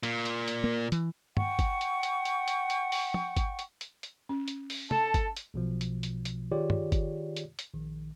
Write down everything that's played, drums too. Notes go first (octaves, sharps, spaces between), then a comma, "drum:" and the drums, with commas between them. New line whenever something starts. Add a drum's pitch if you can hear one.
A#2, drum: hi-hat
drum: hi-hat
drum: hi-hat
A#3
E3, drum: hi-hat
F#5 G5 C#6, drum: tom
drum: kick G1, hi-hat
drum: hi-hat
drum: hi-hat
drum: hi-hat
drum: hi-hat
drum: hi-hat
drum: open hi-hat
drum: tom
drum: kick G1, hi-hat
drum: hi-hat
drum: hi-hat
drum: hi-hat
C#4
drum: hi-hat
drum: open hi-hat
A4 A5, drum: tom
drum: kick G1, hi-hat
drum: hi-hat
B1 B2 F3
drum: hi-hat
drum: hi-hat
drum: hi-hat
D#3 F4 G4 G#4 C#5 D5
drum: tom
drum: kick G1, hi-hat
drum: hi-hat
drum: hi-hat
A#1 D#3